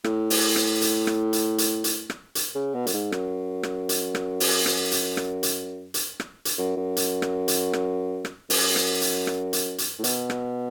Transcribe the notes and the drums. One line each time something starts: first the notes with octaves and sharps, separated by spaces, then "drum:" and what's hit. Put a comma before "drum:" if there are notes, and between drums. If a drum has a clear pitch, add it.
A2, drum: rim click
drum: open hi-hat
drum: rim click
drum: hi-hat
drum: rim click
drum: hi-hat
drum: hi-hat
drum: hi-hat
drum: rim click
drum: hi-hat
C#3
B2
F#2, drum: hi-hat
G#2
F#2, drum: rim click
drum: rim click
drum: hi-hat
drum: rim click
drum: open hi-hat
drum: rim click
drum: hi-hat
drum: rim click
drum: hi-hat
drum: hi-hat
drum: rim click
drum: hi-hat
F#2
F#2
drum: hi-hat
drum: rim click
drum: hi-hat
drum: rim click
drum: rim click
F#2, drum: open hi-hat
drum: rim click
drum: hi-hat
drum: rim click
drum: hi-hat
drum: hi-hat
A2
B2, drum: hi-hat
drum: rim click